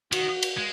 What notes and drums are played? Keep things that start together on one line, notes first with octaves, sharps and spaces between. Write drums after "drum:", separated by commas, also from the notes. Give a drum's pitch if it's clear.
D#3 F#4, drum: cymbal
drum: cymbal
G#3